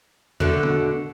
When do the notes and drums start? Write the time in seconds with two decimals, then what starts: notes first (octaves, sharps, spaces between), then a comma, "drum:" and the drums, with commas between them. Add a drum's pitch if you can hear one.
0.40 B2 D3 A3, drum: tom
0.63 drum: tom